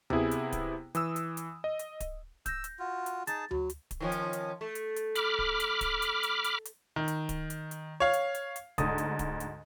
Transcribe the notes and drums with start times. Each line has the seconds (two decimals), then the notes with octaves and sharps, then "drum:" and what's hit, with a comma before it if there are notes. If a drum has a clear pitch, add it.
0.10 C3 B3 E4 G#4, drum: tom D2
0.31 drum: hi-hat
0.52 drum: kick D1, hi-hat
0.95 E3 D#6 E6, drum: hi-hat
1.16 drum: hi-hat
1.37 drum: hi-hat
1.64 D#5
1.79 drum: hi-hat
2.00 drum: kick D1, hi-hat
2.46 E6 G6 A#6, drum: kick D1, hi-hat
2.64 drum: hi-hat
2.79 F4 F#4
3.06 drum: hi-hat
3.27 D#4 G#4 A5 A6, drum: hi-hat
3.51 F#3 F#4, drum: tom D2
3.70 drum: hi-hat
3.91 drum: kick D1, hi-hat
4.00 D#3 F3 C#4
4.12 drum: hi-hat
4.33 drum: hi-hat
4.61 A3
4.75 drum: hi-hat
4.96 drum: hi-hat
5.15 B5 D6 F6, drum: hi-hat
5.39 drum: kick D1
5.60 drum: hi-hat
5.81 drum: kick D1, hi-hat
6.02 drum: hi-hat
6.23 drum: hi-hat
6.44 drum: hi-hat
6.65 drum: hi-hat
6.96 D#3
7.08 drum: hi-hat
7.29 drum: kick D1, hi-hat
7.50 drum: hi-hat
7.71 drum: hi-hat
8.00 C#5 F5
8.13 drum: hi-hat
8.35 drum: hi-hat
8.56 drum: hi-hat
8.78 D2 G#2 D#6, drum: kick D1, hi-hat
8.98 drum: hi-hat
9.19 drum: kick D1, hi-hat
9.40 drum: hi-hat